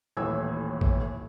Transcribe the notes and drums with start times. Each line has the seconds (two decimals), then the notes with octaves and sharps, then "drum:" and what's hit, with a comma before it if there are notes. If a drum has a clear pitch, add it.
0.17 D#1 A1 A2 E3 E6 G#6
0.81 drum: kick A1